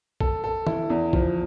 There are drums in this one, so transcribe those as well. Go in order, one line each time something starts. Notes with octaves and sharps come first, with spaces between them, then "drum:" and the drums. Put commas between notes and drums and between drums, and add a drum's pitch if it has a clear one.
A4, drum: kick
A4
E4, drum: tom
E2
F3, drum: kick